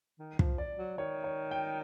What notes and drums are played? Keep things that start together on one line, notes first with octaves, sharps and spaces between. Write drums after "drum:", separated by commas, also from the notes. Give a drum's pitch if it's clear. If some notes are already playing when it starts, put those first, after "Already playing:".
D#3
F3, drum: kick
D5
F#3
D#3 C#5
C#5
G5